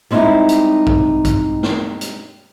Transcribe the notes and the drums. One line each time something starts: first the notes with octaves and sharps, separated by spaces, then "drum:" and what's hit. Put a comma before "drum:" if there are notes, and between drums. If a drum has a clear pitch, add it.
G3 G#3 C4 D#4 E4
drum: hi-hat
drum: kick A1
drum: kick A1, hi-hat
drum: snare
drum: hi-hat